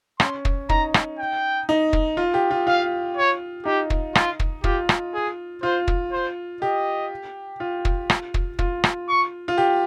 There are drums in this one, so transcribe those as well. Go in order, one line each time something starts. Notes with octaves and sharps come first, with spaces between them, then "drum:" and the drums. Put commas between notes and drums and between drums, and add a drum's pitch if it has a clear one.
C#4 C6, drum: rim click
drum: kick
D#4 A#5, drum: kick
drum: rim click
G5
D#4
drum: kick
F4
G4
F4
F4 F5
C#5
D#4 G4
drum: kick
F4, drum: rim click
drum: kick
F4 G4, drum: kick
drum: rim click
G#4
F4 C5
drum: kick
C5
G4 D#5
F4
drum: kick
drum: rim click
drum: kick
F4, drum: kick
drum: rim click
C#6
F4
G4